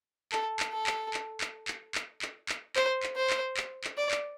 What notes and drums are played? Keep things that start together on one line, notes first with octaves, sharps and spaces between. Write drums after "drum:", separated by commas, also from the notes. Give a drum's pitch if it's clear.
A4, drum: clap
drum: clap
A4
drum: clap
drum: clap
drum: clap
drum: clap
drum: clap
drum: clap
drum: clap
C5, drum: clap
drum: clap
C5
drum: clap
drum: clap
drum: clap
D5
drum: clap